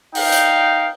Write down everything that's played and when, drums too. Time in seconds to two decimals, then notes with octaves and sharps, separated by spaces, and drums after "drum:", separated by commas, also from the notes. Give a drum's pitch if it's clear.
0.15 D#4 F5 G5, drum: open hi-hat
0.32 drum: hi-hat